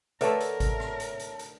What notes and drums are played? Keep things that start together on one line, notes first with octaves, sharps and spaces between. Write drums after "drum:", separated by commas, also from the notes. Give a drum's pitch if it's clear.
D3 A3 A#4 B4 C#5 E5 A5, drum: hi-hat
drum: hi-hat
drum: kick G#1, hi-hat
drum: rim click
drum: hi-hat
drum: hi-hat
drum: hi-hat